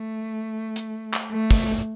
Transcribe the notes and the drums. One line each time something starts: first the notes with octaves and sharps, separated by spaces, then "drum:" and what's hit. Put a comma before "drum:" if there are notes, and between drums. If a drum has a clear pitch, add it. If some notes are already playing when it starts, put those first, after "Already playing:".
Already playing: A3
drum: hi-hat
drum: clap
A3
drum: kick, hi-hat